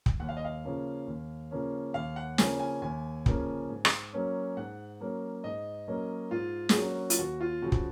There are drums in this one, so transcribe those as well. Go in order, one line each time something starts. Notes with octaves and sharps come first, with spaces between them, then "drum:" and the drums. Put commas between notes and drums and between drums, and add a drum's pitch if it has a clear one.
drum: kick
D#2 F#5
F5
D#5
F5
C#3 F3 A#3 C#4
D#2
C#3 F3 A#3 C#4
D#2 F5
F#5
C#3 F3 A#3 C#4 G#5, drum: snare
G#5
D#2 G#5
C#3 F3 A#3 C#4, drum: kick
G#2
drum: rim click
F#3 A#3 C#4
G#2 F#5
F#3 A#3 C#4
G#2 D#5
F#3 A#3 C#4
G#2 F4
G#4, drum: snare
F#3 A#3 C#4 F#4
F4, drum: hi-hat
D#2 F#4
F4
C#3 F3 F#4
drum: kick